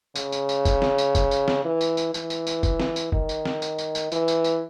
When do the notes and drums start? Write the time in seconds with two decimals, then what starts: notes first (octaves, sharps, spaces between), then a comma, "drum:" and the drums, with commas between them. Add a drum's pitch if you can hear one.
0.15 C#3, drum: tambourine
0.32 drum: tambourine
0.49 drum: tambourine
0.65 drum: kick, tambourine
0.82 drum: snare
0.98 drum: tambourine
1.15 drum: kick, tambourine
1.31 drum: tambourine
1.48 drum: snare
1.64 E3
1.81 drum: tambourine
1.97 drum: tambourine
2.14 E3, drum: tambourine
2.30 drum: tambourine
2.47 drum: tambourine
2.63 drum: kick, tambourine
2.80 drum: snare
2.96 drum: tambourine
3.12 D#3, drum: kick
3.29 drum: tambourine
3.45 drum: snare
3.62 drum: tambourine
3.78 drum: tambourine
3.95 drum: tambourine
4.12 E3, drum: tambourine
4.28 drum: tambourine
4.44 drum: tambourine